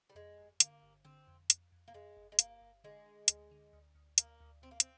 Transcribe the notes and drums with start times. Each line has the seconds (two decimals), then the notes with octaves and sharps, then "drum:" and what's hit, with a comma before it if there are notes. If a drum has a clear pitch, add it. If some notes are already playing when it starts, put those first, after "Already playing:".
0.10 G3
0.15 F2 G#3
0.38 G1
0.60 D3 A#3, drum: hi-hat
0.83 G1
1.05 D3 C4
1.27 F2
1.50 F2, drum: hi-hat
1.72 F2
1.88 A#3
1.94 F2 G#3
2.17 G1
2.32 G#3
2.39 G1 A#3, drum: hi-hat
2.62 G1
2.84 D3 G#3
3.06 D3
3.28 D2, drum: hi-hat
3.51 D3
3.73 D2
3.95 D2
4.18 D2 A#3, drum: hi-hat
4.41 D2
4.62 D2 C4
4.71 A#3
4.80 C4, drum: hi-hat